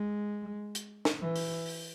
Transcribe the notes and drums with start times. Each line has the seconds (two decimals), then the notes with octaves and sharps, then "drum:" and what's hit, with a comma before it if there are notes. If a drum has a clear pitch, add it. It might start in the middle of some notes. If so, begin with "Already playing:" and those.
Already playing: G#3
0.75 drum: hi-hat
1.05 drum: snare
1.21 E3
1.36 drum: open hi-hat
1.66 drum: open hi-hat